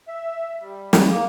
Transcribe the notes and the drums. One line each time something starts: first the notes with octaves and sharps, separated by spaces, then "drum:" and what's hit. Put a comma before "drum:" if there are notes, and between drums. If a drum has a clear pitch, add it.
E5
G3
drum: snare
A#3